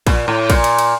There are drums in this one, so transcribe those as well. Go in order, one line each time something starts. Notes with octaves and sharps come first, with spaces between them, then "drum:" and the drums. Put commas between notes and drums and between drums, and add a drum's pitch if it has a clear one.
A#2, drum: kick, cymbal
A2
A#2, drum: kick, cymbal
drum: cymbal
drum: cymbal